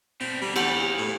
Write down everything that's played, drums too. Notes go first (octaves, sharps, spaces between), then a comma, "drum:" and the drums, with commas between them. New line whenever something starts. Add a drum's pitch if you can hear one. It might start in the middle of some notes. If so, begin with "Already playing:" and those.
B2 G3 C4
B2 D3 G3
E2 F3 A3 G4 F#5, drum: cymbal
D#4 F5
A2